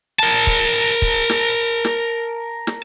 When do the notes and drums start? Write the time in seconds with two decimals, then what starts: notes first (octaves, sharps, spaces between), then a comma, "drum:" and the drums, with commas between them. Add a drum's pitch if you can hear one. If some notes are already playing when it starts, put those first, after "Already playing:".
0.19 A#4 A5
0.47 drum: kick
1.02 drum: kick
1.29 drum: snare
1.85 drum: snare
2.67 drum: snare